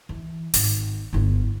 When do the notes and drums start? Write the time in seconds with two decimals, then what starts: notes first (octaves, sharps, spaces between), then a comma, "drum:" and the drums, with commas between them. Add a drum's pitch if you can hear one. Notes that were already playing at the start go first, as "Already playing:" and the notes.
0.09 E3
0.54 G#1, drum: open hi-hat
1.13 G1 E4